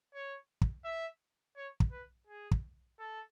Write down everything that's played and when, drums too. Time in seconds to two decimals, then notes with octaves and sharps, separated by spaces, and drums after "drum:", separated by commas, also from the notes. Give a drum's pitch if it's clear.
0.15 C#5
0.61 drum: kick
0.85 E5
1.57 C#5
1.80 drum: kick
1.92 B4
2.27 G#4
2.51 drum: kick
2.99 A4